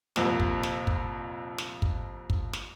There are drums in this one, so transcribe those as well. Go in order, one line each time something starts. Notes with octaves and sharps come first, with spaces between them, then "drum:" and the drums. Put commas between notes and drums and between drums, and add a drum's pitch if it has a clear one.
C2 F2 A#2, drum: snare
drum: kick
drum: snare
drum: kick
drum: snare
drum: kick
drum: kick
drum: snare